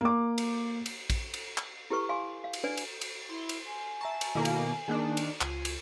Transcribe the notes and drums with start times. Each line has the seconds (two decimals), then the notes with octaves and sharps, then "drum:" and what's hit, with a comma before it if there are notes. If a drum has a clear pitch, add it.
0.01 A#3 D6
0.38 drum: cymbal
0.86 drum: cymbal
1.10 drum: kick, cymbal
1.34 drum: cymbal
1.58 drum: clap
1.90 E4 G4 A4 B4 C#6
2.09 F5 G#5 C6 D6
2.44 F5
2.53 drum: cymbal
2.64 D4 B4 D5 G#5
2.77 drum: cymbal
3.01 drum: cymbal
3.29 E4 C6
3.49 drum: cymbal
3.67 G#5
4.01 E5 A5 A#5 C#6
4.21 drum: cymbal
4.35 B2 D#3 A#3 E4 A4
4.45 drum: cymbal
4.88 D#3 A#3 D4 G#4
5.17 drum: cymbal
5.41 C#2 F4 G#5, drum: clap
5.65 drum: cymbal